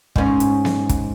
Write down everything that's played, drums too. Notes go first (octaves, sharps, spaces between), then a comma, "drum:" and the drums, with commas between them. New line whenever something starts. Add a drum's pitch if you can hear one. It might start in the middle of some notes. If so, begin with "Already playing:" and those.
G#2 C#4, drum: kick
drum: hi-hat
drum: snare B3
drum: kick, hi-hat